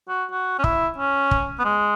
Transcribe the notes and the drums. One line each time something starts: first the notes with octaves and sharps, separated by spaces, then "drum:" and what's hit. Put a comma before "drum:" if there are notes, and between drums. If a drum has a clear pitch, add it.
F#4
F#4
C#4
E4, drum: kick
C#4
drum: kick
B3
G#3